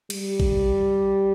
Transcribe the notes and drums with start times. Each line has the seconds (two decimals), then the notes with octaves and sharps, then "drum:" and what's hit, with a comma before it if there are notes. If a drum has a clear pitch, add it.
0.10 G3, drum: cymbal
0.40 drum: kick A1